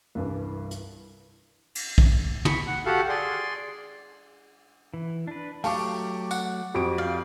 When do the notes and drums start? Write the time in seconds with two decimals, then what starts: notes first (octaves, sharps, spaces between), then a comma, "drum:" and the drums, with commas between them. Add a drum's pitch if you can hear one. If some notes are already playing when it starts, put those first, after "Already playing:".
0.15 C2 G2 E3
0.71 drum: hi-hat
1.75 drum: cymbal
1.98 drum: kick
2.45 B5 C#6, drum: tom
2.67 F#5
2.86 F#4 G4 A4 F5 F#5
3.09 G#4 D5 C6
4.94 E3
5.27 D4 B4
5.64 F#3 A3 G4 F5 A5 C#6 D6, drum: open hi-hat
6.31 F#5, drum: tambourine
6.75 F2 F#4 G4 C#6 D7
6.98 D5 F5 G5